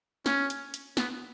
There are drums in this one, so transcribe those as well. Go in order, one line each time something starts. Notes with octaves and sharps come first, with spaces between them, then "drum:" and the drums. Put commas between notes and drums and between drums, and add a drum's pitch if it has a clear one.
C#4, drum: snare
drum: hi-hat
drum: hi-hat
B3, drum: snare